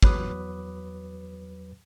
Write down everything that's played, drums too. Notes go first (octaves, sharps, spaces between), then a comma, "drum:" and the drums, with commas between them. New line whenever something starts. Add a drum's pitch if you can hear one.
E2 F#3 B4 D6 D#6, drum: kick